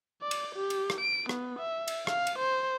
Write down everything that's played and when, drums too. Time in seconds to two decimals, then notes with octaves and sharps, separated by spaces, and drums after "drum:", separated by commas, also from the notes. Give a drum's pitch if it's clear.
0.22 D5
0.31 drum: cymbal
0.55 G4
0.70 drum: cymbal
0.90 drum: rim click
1.01 D7
1.29 B3, drum: rim click
1.60 E5
1.88 drum: cymbal
2.07 F5, drum: rim click
2.27 drum: cymbal
2.39 C5